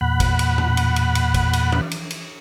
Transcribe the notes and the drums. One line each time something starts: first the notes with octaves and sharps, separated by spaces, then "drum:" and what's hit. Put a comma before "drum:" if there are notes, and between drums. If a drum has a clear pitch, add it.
E2 A#2 F#5 B5 F#6
drum: kick G#1, cymbal
drum: cymbal
drum: tom A2
drum: cymbal
drum: cymbal
drum: cymbal
drum: kick G#1, cymbal
drum: cymbal
drum: tom E3
drum: cymbal
drum: cymbal